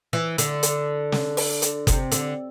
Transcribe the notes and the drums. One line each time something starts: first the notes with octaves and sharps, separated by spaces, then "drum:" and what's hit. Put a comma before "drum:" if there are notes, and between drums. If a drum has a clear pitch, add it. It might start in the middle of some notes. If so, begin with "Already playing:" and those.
E3
D3, drum: hi-hat
drum: hi-hat
drum: snare
drum: open hi-hat
drum: hi-hat
C3, drum: kick F#1, hi-hat
D3, drum: hi-hat